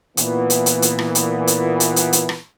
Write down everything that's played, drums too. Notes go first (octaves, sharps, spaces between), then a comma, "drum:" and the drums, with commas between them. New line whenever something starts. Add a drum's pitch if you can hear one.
A#2 E3 B3, drum: hi-hat
drum: hi-hat
drum: hi-hat
drum: hi-hat
drum: rim click
drum: hi-hat
drum: hi-hat
drum: hi-hat
drum: hi-hat
drum: hi-hat
drum: rim click